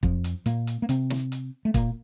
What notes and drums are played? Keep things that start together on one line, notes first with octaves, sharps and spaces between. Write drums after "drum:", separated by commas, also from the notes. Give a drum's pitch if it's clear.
F2 F3, drum: kick
drum: hi-hat
A#2 A#3, drum: hi-hat
drum: hi-hat
A#3
C3 C4, drum: hi-hat
drum: snare
drum: hi-hat
A3
A#2 A#3, drum: kick, hi-hat